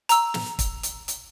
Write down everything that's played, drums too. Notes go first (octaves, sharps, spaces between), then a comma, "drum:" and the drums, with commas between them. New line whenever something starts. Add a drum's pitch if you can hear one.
A#5 E6, drum: hi-hat
drum: snare
drum: kick, hi-hat
drum: hi-hat
drum: hi-hat